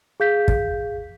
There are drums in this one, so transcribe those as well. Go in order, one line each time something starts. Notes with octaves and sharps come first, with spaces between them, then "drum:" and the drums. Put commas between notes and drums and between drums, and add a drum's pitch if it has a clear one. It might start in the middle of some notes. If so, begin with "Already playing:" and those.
G#4 F5 G6 B6
drum: kick